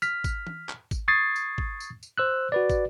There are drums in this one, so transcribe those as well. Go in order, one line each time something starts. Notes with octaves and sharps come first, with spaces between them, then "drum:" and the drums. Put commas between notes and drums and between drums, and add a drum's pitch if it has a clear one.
F6 B6, drum: tambourine
drum: kick, tambourine
drum: tom
drum: clap
drum: kick, tambourine
C#6 D#6 G#6 A6 C7
drum: tambourine
drum: kick
drum: tambourine
drum: tambourine
C5 E6 F#6
F#4 B4 D5
drum: kick, tambourine